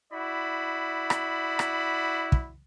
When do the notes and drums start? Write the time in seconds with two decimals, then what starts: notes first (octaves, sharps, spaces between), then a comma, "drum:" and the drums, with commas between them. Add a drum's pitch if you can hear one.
0.12 E4 F#4 D5 B5
1.10 drum: rim click
1.59 drum: rim click
2.32 drum: kick